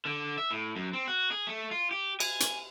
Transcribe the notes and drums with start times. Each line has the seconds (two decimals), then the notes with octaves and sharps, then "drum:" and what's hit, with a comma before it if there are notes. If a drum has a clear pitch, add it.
0.05 D3
0.38 E5
0.51 A2
0.76 F#2
0.93 C4
1.08 F#4
1.31 G#4
1.47 A3
1.71 F4
1.91 G4
2.20 G#5, drum: cymbal
2.40 drum: hi-hat